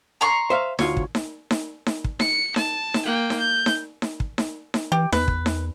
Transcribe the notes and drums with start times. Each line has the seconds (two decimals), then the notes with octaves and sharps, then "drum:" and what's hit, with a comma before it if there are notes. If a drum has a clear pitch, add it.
0.21 A#5 C6 C#6
0.50 C5 E5 F5
0.79 D2 F4 C#5, drum: snare D#4
0.97 drum: kick
1.15 drum: snare D#4
1.51 drum: snare D#4
1.86 drum: snare D#4
2.04 drum: kick
2.20 C#7, drum: snare D#4
2.56 A5, drum: snare D#4
2.94 drum: snare D#4
3.05 A#3 G5
3.30 drum: snare D#4
3.40 G6
3.66 drum: snare D#4
4.02 drum: snare D#4
4.20 drum: kick
4.38 drum: snare D#4
4.74 drum: snare D#4
4.92 E3 G4
5.12 E2 B4, drum: snare D#4
5.28 drum: kick
5.46 drum: snare D#4